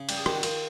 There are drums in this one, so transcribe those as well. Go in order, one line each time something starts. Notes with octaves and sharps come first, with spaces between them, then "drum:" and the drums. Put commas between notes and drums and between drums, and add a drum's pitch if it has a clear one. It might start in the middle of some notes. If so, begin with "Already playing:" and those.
Already playing: C#3
G3, drum: cymbal
G#4
D#3 G4, drum: rim click
F#4
D#3 F4, drum: cymbal